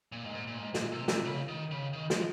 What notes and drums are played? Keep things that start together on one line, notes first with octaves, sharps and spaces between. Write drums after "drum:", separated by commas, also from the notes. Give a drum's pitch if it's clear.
A#2
G#2
A#2
A#2
G#2
A#2, drum: snare
C3
C3, drum: snare
C#3
D#3
C#3
D#3
F3, drum: snare